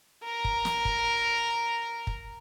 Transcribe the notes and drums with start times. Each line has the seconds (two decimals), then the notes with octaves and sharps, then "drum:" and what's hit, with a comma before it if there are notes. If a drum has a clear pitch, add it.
0.24 A#4 A#5
0.45 drum: kick
0.65 drum: snare
0.85 drum: kick
2.07 drum: kick